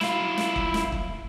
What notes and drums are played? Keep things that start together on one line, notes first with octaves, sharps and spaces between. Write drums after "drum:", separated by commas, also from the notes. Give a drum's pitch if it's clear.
E4 F4, drum: snare
drum: snare
drum: kick
drum: snare
drum: kick